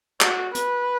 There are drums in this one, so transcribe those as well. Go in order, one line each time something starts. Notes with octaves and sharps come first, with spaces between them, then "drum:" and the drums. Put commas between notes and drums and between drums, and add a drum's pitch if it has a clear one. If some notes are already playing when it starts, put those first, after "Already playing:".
F#4, drum: clap
B4, drum: hi-hat